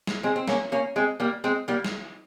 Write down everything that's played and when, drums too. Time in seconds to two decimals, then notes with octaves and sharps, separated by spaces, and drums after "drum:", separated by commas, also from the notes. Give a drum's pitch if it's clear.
0.07 drum: snare
0.23 G#3 C4
0.36 C4
0.48 A#3 C#4, drum: snare
0.72 A#3 C#4
0.96 G#3 C4
1.20 G3 A#3
1.44 G#3 C4
1.68 G3 A#3
1.84 drum: snare